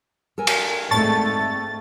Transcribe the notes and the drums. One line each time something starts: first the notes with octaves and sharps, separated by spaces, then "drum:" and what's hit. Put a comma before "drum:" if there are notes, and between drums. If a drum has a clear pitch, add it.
A4 A#4 G#5
drum: cymbal
G#2 A3 C4 D5 A5 C#6 A6